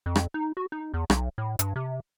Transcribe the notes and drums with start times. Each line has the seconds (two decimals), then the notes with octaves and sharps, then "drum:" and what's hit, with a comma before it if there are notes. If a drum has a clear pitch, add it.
0.06 F2
0.16 drum: rim click
0.34 D#4
0.57 F#4
0.72 D#4
0.94 E2
1.10 B1, drum: rim click
1.38 A2
1.59 G2, drum: hi-hat
1.76 C3